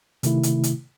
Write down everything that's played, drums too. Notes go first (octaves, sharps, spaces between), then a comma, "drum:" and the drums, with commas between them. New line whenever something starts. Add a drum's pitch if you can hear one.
C3 D#3 A3 E4, drum: hi-hat
drum: hi-hat
drum: hi-hat